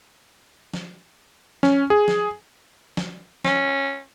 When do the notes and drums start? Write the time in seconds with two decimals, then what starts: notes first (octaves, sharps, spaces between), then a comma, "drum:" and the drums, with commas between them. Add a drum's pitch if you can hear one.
0.74 drum: snare
1.63 C#4, drum: snare
1.90 G#4
2.08 drum: snare
2.97 drum: snare
3.44 C#4, drum: snare